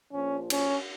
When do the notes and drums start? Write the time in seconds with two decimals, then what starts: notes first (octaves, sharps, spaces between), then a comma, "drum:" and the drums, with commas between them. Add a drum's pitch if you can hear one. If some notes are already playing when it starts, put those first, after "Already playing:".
0.12 A#1 A#2 F3 C#4
0.50 C#4, drum: cymbal